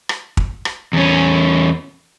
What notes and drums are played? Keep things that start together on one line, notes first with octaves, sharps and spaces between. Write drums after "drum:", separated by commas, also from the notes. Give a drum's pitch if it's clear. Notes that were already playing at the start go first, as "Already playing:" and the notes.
drum: rim click
drum: kick
drum: rim click
E2 C#4